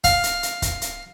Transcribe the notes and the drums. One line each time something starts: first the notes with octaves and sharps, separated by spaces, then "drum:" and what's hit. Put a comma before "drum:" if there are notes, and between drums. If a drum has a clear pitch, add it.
F5, drum: kick, hi-hat
drum: hi-hat
drum: hi-hat
drum: kick, hi-hat
drum: hi-hat